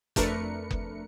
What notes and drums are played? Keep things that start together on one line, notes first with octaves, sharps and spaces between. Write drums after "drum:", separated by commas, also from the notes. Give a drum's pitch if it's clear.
F2 A3 D4 A#4 B4 C#7, drum: kick F#1, hi-hat
drum: kick F#1